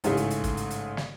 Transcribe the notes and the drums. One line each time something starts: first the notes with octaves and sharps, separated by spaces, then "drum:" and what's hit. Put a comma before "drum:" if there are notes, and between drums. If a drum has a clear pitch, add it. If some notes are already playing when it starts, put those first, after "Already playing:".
A1 G#2 C#3 A3 G#4, drum: hi-hat
drum: hi-hat
drum: hi-hat
drum: kick, hi-hat
drum: hi-hat
drum: hi-hat
drum: snare